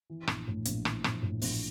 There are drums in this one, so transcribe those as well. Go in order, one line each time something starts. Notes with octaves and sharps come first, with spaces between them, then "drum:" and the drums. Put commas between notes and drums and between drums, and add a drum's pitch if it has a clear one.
E3
A#1, drum: rim click
A2
A#1, drum: hi-hat
E3, drum: rim click
A#1, drum: rim click
A2
A#1, drum: open hi-hat